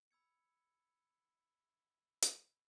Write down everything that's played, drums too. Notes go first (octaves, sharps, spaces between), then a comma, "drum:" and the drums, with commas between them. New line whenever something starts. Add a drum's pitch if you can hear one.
B5 E6 G#6 C#7
drum: hi-hat